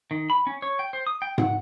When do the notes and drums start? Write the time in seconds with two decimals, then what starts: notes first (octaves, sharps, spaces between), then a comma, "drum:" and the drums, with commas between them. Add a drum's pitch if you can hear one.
0.11 D#3
0.30 B5
0.47 C#4
0.62 C#5
0.79 G5
0.93 C5
1.07 D#6
1.22 G5
1.38 F#5, drum: tom G#2